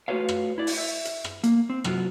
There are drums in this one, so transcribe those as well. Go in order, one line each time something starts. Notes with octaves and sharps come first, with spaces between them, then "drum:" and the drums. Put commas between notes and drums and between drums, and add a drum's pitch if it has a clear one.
A3 F4 F#4 B4 C#5 F5
drum: rim click
E4 D5
drum: open hi-hat
E5
drum: hi-hat
drum: rim click
A#3, drum: hi-hat
C4
C3 F#3 F4 F#4, drum: rim click